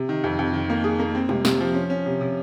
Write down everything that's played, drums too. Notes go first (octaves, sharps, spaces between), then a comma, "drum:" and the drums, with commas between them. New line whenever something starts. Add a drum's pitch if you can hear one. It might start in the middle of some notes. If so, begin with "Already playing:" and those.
Already playing: C3
D#3
F2
F2
D#3
A#3
G#4
A#3
C4
C3, drum: tom G3
C3, drum: snare
F3
C#4
C#4
C3
C3